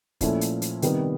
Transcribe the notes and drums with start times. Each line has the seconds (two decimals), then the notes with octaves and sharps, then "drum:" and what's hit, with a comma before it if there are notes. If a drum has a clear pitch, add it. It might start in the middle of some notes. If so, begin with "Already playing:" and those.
0.21 A#2 F3 A3 C#4 E4, drum: kick, hi-hat
0.41 drum: hi-hat
0.62 drum: hi-hat
0.82 C3 D#3 G3 B3, drum: hi-hat